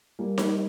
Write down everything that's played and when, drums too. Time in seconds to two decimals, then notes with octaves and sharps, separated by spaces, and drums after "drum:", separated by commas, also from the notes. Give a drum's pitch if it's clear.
0.19 G3 A#3
0.38 drum: snare D#4